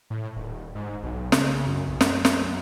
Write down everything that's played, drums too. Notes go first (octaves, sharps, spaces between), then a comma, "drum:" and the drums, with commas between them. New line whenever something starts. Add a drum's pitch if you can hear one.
A2
D#1
G#2
B1
C#3, drum: snare
F#2
B1
F#2, drum: snare
drum: snare